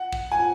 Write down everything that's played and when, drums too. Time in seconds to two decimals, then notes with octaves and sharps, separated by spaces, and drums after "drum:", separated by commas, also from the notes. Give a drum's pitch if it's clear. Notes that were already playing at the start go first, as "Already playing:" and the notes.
Already playing: F#5
0.13 drum: kick
0.32 G#5